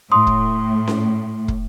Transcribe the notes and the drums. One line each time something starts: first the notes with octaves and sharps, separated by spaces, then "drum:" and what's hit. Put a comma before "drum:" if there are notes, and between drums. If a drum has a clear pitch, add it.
A2 C6 D#6
drum: kick
drum: snare C#4
drum: kick